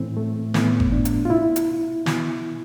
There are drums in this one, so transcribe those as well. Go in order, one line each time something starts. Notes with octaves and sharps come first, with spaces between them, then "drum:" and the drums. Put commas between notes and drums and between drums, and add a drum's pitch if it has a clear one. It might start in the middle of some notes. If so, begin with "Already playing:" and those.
Already playing: A2 E3 C4
A3
A2 E3 B3, drum: snare
drum: kick G1
D4
drum: hi-hat
F4
B2 E4
drum: hi-hat
B2, drum: snare